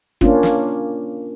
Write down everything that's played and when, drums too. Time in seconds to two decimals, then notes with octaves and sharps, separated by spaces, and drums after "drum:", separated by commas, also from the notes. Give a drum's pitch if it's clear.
0.21 A#3 C#4 D4 F4, drum: kick
0.43 drum: snare